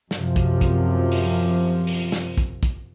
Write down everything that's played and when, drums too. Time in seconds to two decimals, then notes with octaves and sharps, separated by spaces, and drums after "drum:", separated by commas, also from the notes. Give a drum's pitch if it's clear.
0.11 F#2 C3 F3, drum: snare
0.36 drum: kick, hi-hat
0.61 drum: kick, hi-hat
1.12 drum: open hi-hat
1.87 drum: open hi-hat
2.12 drum: snare
2.37 drum: kick, hi-hat
2.63 drum: kick, hi-hat